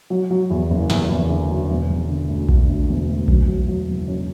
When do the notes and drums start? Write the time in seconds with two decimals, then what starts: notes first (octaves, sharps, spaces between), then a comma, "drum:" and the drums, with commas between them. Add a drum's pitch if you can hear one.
0.10 F#3
0.30 F#3
0.50 E2
0.70 F#1
0.90 E2, drum: snare
1.10 E2
1.30 D3
1.50 F#3
1.70 E1
1.89 E1
2.09 D3
2.29 D2
2.49 D3, drum: kick A#1
2.69 D2
2.88 E1
3.08 D2
3.28 F#2, drum: kick A#1
3.48 F#3
3.68 F#3
3.88 F#1
4.08 F#2